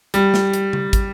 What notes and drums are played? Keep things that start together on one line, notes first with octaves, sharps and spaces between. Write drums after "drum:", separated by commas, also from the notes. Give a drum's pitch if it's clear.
G3, drum: hi-hat
drum: snare
drum: hi-hat
drum: tom C#3
drum: kick, hi-hat